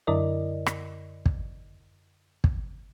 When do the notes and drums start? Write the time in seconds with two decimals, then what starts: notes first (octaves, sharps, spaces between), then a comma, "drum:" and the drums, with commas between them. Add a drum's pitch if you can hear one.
0.07 F#2 D3 E4 A#4 D5 D#5
0.66 drum: rim click
1.26 drum: kick
2.44 drum: kick